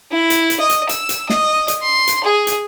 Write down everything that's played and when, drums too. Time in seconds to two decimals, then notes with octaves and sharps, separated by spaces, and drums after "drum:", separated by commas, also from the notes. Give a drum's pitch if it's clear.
0.12 E4
0.30 drum: hi-hat
0.50 drum: hi-hat
0.60 D#5
0.70 drum: hi-hat
0.89 E6, drum: hi-hat
1.09 drum: hi-hat
1.30 D#5, drum: snare
1.68 drum: hi-hat
1.82 C6
2.08 drum: hi-hat
2.24 G#4
2.47 drum: hi-hat